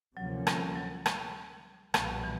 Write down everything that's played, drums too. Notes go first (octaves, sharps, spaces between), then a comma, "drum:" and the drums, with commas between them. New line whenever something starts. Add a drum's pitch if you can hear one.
D2 C3 F3 F#3 A#3 C#4
G3, drum: rim click
F#3
drum: rim click
B1 A#2 F3 G3 B3, drum: rim click
E3